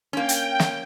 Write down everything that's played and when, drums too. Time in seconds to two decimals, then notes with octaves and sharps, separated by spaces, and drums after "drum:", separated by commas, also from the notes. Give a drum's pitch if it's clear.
0.13 A#3 C#4 G5
0.29 drum: hi-hat
0.60 drum: snare